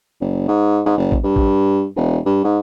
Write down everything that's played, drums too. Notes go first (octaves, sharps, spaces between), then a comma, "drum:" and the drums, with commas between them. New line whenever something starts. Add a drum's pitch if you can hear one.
F#1
G#2
G#2
F#1
drum: kick A1
G2
drum: kick A1
E1
G2
G#2